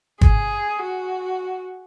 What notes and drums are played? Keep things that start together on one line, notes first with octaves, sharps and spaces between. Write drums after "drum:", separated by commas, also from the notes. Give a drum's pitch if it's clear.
G#4, drum: kick G1
F#4